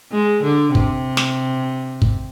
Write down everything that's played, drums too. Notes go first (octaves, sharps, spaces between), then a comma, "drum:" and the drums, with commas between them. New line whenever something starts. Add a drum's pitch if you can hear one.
G#3
D3
C3, drum: kick
drum: snare
drum: kick